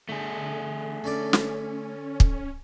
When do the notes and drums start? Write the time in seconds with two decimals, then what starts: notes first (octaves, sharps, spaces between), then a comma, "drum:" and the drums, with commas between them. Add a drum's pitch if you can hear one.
0.09 D3 A3 G#4
1.04 D3 C#4 D5
1.33 drum: snare
2.20 drum: kick